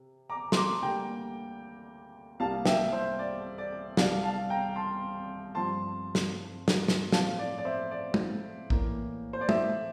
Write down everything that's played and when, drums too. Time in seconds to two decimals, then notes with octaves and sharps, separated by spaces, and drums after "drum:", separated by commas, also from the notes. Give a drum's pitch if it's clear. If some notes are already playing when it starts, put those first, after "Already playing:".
Already playing: C3
0.29 A#5 D6
0.52 C6, drum: snare
0.56 A#5 D6
0.82 D2 D3 G3 A#3 G5 A#5
2.40 C2 C3 G3 A#3 F5 A5
2.66 E5 G5, drum: snare
2.93 C5 E5
3.19 D5
3.58 D5
3.97 C2 C3 G3 D5 F5, drum: snare
4.23 F5 A5
4.50 G5 A#5
4.76 A5 C6
5.55 G2 F3 C4 A5 C6
6.15 drum: snare
6.68 drum: snare
6.88 drum: snare
7.12 A2 F3 C4 F5 A5, drum: snare
7.39 D5
7.58 D5
7.65 C5 E5
7.91 D5
8.14 drum: tom
8.70 A2 E3 A#3, drum: kick
9.33 C5
9.41 D5
9.49 C5 E5, drum: tom